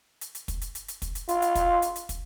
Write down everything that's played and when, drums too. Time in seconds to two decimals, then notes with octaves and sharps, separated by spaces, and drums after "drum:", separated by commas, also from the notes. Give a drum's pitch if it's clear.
0.21 drum: hi-hat
0.35 drum: hi-hat
0.48 drum: kick, hi-hat
0.62 drum: hi-hat
0.75 drum: hi-hat
0.88 drum: hi-hat
1.02 drum: kick, hi-hat
1.15 drum: hi-hat
1.29 F4, drum: hi-hat
1.42 drum: hi-hat
1.55 drum: kick, hi-hat
1.82 drum: hi-hat
1.96 drum: hi-hat
2.09 drum: kick, hi-hat